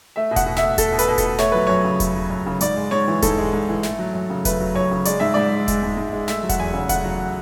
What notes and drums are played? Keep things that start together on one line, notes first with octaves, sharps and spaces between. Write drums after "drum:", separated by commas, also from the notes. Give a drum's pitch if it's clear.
A3 E5
B2
F#5, drum: kick E1, hi-hat
B2
E5, drum: snare
A3
A3 A4, drum: kick E1, hi-hat
B2
B4, drum: hi-hat
B2
A4, drum: kick E1, hi-hat
A3
A3 C#5, drum: snare
F#3 B4
F#2 C#5
C#3
A3, drum: kick E1, hi-hat
F#3
F#2
C#3
G#2 D5, drum: hi-hat
G#3
G#2 C#5
E3
G#2 A4, drum: kick E1, hi-hat
G#3
G#2
E3
A3, drum: snare
F#3
F#2
C#3
A3 B4, drum: kick E1, hi-hat
F#3
F#2 C#5
C#3
G#3 D5, drum: hi-hat
G#2 E5
G#2 D5
G#3
G#3, drum: kick E1, hi-hat
G#2
G#2
G#3
A3 E5, drum: snare
F#3
F#5, drum: kick E1, hi-hat
E2 G#5
C#3
A3 F#5, drum: kick E1, hi-hat
F#3